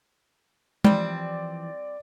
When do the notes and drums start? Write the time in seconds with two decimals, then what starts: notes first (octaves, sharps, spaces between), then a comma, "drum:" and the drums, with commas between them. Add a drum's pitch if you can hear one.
0.84 E3 F3 G3 C4 D5, drum: tom